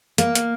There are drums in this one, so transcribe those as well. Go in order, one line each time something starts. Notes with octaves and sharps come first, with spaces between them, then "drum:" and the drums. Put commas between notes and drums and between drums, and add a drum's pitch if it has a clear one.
A#3, drum: hi-hat
drum: hi-hat